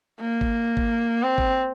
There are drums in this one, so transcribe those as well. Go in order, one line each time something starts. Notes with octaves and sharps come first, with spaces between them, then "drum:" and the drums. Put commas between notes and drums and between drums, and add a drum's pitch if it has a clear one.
A#3
drum: kick G#1
drum: kick G#1
C4
drum: kick G#1